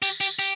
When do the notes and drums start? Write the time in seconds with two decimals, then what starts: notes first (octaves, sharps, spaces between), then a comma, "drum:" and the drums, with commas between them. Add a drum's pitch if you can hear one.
0.02 G4, drum: tambourine
0.21 G4, drum: tambourine
0.39 G4, drum: tambourine